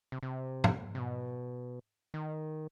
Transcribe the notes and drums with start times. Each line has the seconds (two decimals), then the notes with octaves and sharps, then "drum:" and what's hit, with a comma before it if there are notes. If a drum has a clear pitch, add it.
0.12 C3
0.23 C3
0.64 drum: tom
0.95 C3
0.99 B2
2.14 D#3